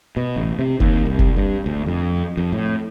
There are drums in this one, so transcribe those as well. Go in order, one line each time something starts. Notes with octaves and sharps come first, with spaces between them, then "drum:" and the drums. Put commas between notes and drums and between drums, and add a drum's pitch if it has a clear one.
B2
A1
C3
D#2, drum: kick F1
C2
drum: kick F1
G2
D2
F2
F2
A2